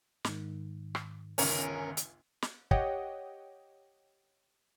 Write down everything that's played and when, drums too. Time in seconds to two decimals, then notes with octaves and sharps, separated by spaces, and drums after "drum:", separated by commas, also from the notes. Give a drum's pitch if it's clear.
0.25 G#2 D#3, drum: snare
0.95 drum: rim click
1.38 G1 C#2 D#3 C#4 A#4 C#7, drum: open hi-hat
1.97 drum: hi-hat
2.42 drum: snare
2.71 G4 C#5 D#5 F#5 G5, drum: kick